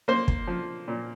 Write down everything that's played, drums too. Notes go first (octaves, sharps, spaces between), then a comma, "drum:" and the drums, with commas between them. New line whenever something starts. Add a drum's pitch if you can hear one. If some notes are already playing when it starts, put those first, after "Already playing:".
A#3 C5
drum: kick
F3
A#2